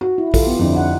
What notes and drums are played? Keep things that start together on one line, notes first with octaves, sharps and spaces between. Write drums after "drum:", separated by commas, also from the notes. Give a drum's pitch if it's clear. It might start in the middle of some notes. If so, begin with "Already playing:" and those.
F#4
E4
F4 G4 A4, drum: kick, open hi-hat
B3
F2 D3 E4
D#4 F#5